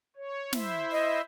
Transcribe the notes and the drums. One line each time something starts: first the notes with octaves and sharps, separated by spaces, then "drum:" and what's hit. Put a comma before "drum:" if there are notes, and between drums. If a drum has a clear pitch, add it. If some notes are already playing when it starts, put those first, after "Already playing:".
C#5
E4 C5 E5, drum: snare
D#5